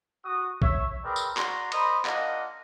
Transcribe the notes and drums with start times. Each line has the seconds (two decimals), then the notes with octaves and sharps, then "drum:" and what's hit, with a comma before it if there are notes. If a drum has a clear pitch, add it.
0.25 F#4 D#6
0.62 C#5 E5, drum: kick A#1
1.03 C4 G#4 A#4 B4 D5
1.16 drum: tambourine
1.37 F#4 D5 A#5 C6, drum: clap
1.72 A#4 C5 D#5 B5 D#6, drum: cymbal
2.05 A#3 D4 F4 A#4 D#5 F#5, drum: clap